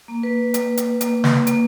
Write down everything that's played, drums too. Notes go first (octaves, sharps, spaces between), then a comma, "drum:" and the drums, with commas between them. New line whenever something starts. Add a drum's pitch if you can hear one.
A#3
B4
A#3, drum: hi-hat
drum: hi-hat
A#3, drum: hi-hat
drum: snare
A#3, drum: hi-hat